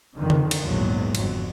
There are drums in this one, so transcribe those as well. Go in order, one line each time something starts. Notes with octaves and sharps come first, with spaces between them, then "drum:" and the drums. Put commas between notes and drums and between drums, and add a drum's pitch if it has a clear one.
F2 D3 D#3
drum: tom C#3
drum: cymbal
A#1 E2 G#2 F#3
G1 F2 F#3, drum: cymbal